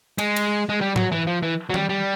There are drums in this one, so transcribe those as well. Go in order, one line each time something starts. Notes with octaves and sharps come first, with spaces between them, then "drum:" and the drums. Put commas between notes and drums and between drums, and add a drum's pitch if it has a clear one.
G#3, drum: cymbal
drum: cymbal
G#3
G3
F#3, drum: tom G#2
E3
F3
E3
F#3
G3, drum: tom
G3